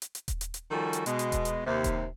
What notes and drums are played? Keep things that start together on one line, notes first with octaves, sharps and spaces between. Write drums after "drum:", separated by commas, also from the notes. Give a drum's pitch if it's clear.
drum: hi-hat
drum: hi-hat
drum: kick D#1, hi-hat
drum: hi-hat
drum: hi-hat
D#3 F3 G3 C#4 F#4 A4
drum: hi-hat
B2 G#3, drum: hi-hat
drum: hi-hat
drum: kick D#1, hi-hat
drum: hi-hat
D#2 C3
drum: kick D#1, hi-hat